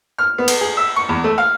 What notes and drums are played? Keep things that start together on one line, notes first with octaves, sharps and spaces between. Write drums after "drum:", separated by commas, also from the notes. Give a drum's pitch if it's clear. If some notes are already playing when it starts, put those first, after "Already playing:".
F6
B3
drum: cymbal
G#4
E5
C#6
E2
A3
F5